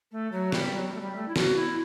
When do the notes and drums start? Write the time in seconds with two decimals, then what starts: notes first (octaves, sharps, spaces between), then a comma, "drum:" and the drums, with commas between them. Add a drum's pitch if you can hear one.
0.11 A3
0.32 F#3
0.52 G3, drum: snare
0.73 F#3
0.87 G3
0.94 A3
1.00 G3
1.15 A3
1.28 E4
1.36 F#4, drum: snare
1.56 E4